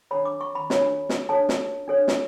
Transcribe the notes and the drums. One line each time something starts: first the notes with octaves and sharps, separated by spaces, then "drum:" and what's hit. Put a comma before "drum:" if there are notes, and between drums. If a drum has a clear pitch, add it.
D4 A4 C#5 B5
D6
C#6
B5
D4 A4 C#5 B5, drum: snare
drum: snare
D4 A4 C#5 A5
drum: snare
D4 A4 C#5
drum: snare